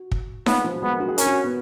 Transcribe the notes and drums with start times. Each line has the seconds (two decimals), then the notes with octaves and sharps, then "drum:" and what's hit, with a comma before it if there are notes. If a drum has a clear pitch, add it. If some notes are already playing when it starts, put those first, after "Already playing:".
Already playing: F#4
0.12 drum: kick
0.46 B3 F4, drum: snare D#4
0.56 G#3
0.64 F3
0.73 F#3
0.82 G#3 B3
0.91 A#3
1.00 F#4
1.08 G#4
1.18 C#4 A#4, drum: hi-hat
1.27 F#4
1.44 B3